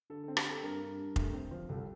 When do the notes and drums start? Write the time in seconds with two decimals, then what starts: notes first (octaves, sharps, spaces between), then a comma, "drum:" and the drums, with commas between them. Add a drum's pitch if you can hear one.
0.10 D3 A4
0.23 A4
0.28 C4
0.37 G4, drum: rim click
0.46 C4 A4
0.62 G2 A#4
0.81 G2
0.99 G2
1.16 A3, drum: kick F1
1.33 C4
1.51 F3
1.69 C2 A4